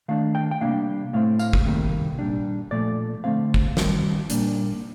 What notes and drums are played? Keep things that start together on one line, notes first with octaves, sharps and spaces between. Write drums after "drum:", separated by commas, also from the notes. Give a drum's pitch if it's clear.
D#3 A3 D4 F5
G5
G5
C3 G3 A#3 D4 F5
A2 A3 C4 F5
F5, drum: tambourine
drum: kick
C3 D#3 G3 A#3
A#2 G3 D4
A#2 F3 A3 D5
D3 A3 C4 F5
drum: kick
D#3 G3 C4, drum: snare
A#2 G3 A#3 D4, drum: hi-hat